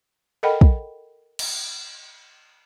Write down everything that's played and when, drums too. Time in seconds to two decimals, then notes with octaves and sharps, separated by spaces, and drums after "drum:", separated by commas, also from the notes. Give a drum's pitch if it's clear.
0.43 A4 A#4 D#5 F#5 G5 B5
0.61 drum: kick
1.39 drum: cymbal